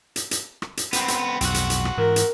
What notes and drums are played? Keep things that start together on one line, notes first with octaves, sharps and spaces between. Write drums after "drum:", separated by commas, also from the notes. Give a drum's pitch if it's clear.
drum: hi-hat
drum: hi-hat
drum: rim click
drum: hi-hat
B3 C4, drum: hi-hat
drum: hi-hat
B1 F2 C4 F#4, drum: hi-hat
drum: hi-hat
drum: hi-hat
drum: rim click
G#2 E3 A#4
drum: hi-hat